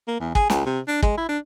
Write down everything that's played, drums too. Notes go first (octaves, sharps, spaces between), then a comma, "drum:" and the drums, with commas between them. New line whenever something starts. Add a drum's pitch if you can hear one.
A#3
E2
G#4, drum: kick
C#2, drum: snare
C3
D4
G#3, drum: kick
E4
D4